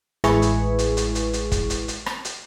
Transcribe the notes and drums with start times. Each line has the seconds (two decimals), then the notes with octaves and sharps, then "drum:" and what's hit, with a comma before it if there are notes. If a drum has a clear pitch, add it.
0.24 A1 G#3 E4 G#4 B4 C#6, drum: rim click
0.42 drum: hi-hat
0.79 drum: hi-hat
0.97 drum: hi-hat
1.15 drum: hi-hat
1.33 drum: hi-hat
1.52 drum: kick, hi-hat
1.70 drum: hi-hat
1.88 drum: hi-hat
2.06 drum: rim click
2.25 drum: hi-hat